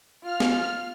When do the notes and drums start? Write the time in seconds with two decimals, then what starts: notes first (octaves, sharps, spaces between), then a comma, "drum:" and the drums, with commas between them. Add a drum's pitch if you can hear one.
0.23 F4 F6
0.40 drum: snare